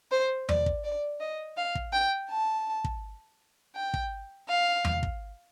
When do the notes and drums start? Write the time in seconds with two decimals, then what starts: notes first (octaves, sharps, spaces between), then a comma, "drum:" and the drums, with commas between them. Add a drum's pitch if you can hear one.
0.11 C5
0.49 D5, drum: tom E2
0.66 drum: kick
0.84 D5
1.20 D#5
1.57 F5
1.75 drum: kick
1.93 G5
2.30 A5
2.84 drum: kick
3.76 G5
3.94 drum: kick
4.48 F5
4.85 drum: tom E2
5.03 drum: kick